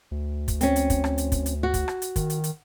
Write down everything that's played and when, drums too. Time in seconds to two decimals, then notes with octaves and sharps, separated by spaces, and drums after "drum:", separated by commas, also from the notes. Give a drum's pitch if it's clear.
0.11 D2
0.48 drum: kick, hi-hat
0.61 C4 C#4, drum: hi-hat
0.76 drum: hi-hat
0.90 drum: kick, hi-hat
1.04 drum: rim click
1.18 drum: hi-hat
1.32 drum: kick, hi-hat
1.46 drum: hi-hat
1.63 F#4
1.74 drum: kick, hi-hat
1.88 drum: rim click
2.02 drum: hi-hat
2.16 D#3, drum: kick, hi-hat
2.30 drum: hi-hat
2.44 drum: hi-hat